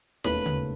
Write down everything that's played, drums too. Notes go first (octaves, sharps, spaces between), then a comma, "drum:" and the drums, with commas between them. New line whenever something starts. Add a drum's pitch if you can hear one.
E1 D#2 D#3 A3 C#4 B4, drum: snare
drum: tom C#3